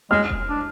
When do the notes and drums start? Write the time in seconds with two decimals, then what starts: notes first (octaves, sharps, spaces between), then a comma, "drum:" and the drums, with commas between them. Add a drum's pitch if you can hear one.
0.11 G#3 F6
0.30 drum: kick E1
0.49 D4